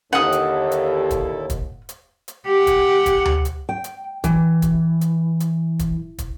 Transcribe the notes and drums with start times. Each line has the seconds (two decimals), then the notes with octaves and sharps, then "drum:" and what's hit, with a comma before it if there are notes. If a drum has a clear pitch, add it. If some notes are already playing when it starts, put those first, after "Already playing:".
0.13 D#2 D3 E4 A4 F#5 D#6
0.32 drum: hi-hat
0.71 drum: hi-hat
1.11 drum: kick, hi-hat
1.50 drum: kick, hi-hat
1.89 drum: hi-hat
2.28 drum: hi-hat
2.47 G4 F#5
2.67 drum: kick, hi-hat
3.06 drum: kick, hi-hat
3.25 drum: tom D2
3.45 drum: hi-hat
3.69 G5
3.84 drum: hi-hat
4.24 E3, drum: kick, hi-hat
4.62 drum: kick, hi-hat
5.01 drum: hi-hat
5.40 drum: hi-hat
5.79 drum: kick, hi-hat
6.18 drum: kick, hi-hat